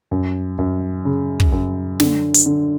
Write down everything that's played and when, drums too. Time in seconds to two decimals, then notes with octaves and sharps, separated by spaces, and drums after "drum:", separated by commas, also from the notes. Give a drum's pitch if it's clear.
0.11 F#2
0.58 F#2
1.05 C#3
1.40 drum: kick
1.52 F#2
2.00 D3, drum: snare
2.34 drum: hi-hat
2.46 D3